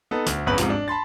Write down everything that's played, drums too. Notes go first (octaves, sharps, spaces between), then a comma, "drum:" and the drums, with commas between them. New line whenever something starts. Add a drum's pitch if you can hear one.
B3 D#4 A4
D2, drum: hi-hat
G1 E2 C#4 B4 F#7
G#2 C3 F3, drum: hi-hat
D4
A5 B5 C6 A6